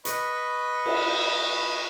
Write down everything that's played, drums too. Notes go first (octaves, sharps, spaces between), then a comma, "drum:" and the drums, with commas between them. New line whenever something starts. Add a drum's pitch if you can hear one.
B4 D#5 B5 C#6, drum: hi-hat
drum: cymbal